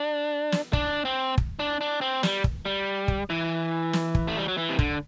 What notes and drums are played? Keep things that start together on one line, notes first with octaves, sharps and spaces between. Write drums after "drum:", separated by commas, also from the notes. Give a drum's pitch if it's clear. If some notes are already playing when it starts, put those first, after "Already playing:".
Already playing: D4
drum: snare
D4, drum: kick
C4
drum: kick
D4
D4
C4
G3, drum: snare
drum: kick
G3
drum: kick
E3
drum: snare
drum: kick
A3
G3
F#3
E3
C3
D3, drum: kick